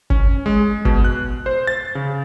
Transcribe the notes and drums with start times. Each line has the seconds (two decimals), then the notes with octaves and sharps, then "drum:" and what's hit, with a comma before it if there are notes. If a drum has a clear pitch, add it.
0.10 C#4, drum: kick G1
0.46 G#3
0.85 B2, drum: kick G1
1.04 F#6
1.46 C5
1.67 A6
1.95 C#3